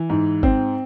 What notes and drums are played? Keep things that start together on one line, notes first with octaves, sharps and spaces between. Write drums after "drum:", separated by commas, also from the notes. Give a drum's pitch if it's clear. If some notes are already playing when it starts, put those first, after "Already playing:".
Already playing: E3
G#2
C4, drum: kick G#1